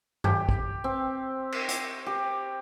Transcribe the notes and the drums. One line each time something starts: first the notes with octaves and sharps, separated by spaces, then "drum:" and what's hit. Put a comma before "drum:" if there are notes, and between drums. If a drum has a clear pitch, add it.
G4, drum: tom G2
drum: kick
C4
drum: cymbal
drum: hi-hat
G4